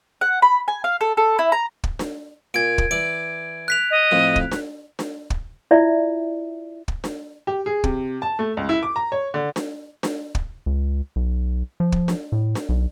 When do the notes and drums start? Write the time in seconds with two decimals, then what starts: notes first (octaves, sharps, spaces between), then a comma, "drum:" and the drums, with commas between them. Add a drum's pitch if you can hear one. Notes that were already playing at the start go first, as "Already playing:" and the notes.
0.21 F#5
0.42 B5
0.68 G#5
0.84 F5
1.01 A4
1.17 A4
1.39 E4
1.52 A#5
1.84 drum: kick
1.99 drum: snare D4
2.54 A#2 G#6 D7
2.78 drum: kick
2.91 E3 D5 D6 D7
3.68 F#6 B6 F7
3.91 D#5
4.11 F2 A2 F3
4.36 drum: kick
4.52 drum: snare D4
4.99 drum: snare D4
5.30 drum: kick
5.71 E4 F4 D5 E5
6.88 drum: kick
7.04 drum: snare D4
7.47 G4
7.66 G#4
7.84 C3, drum: kick
8.22 A5
8.39 A3
8.57 C#2
8.69 E4
8.83 D6
8.96 A#5
9.12 C#5
9.34 D3
9.56 drum: snare D4
10.03 drum: snare D4
10.35 drum: kick
10.66 C#2
11.16 B1
11.80 F3
11.92 drum: kick
12.08 drum: snare D4
12.32 A2
12.55 drum: snare D4
12.69 B1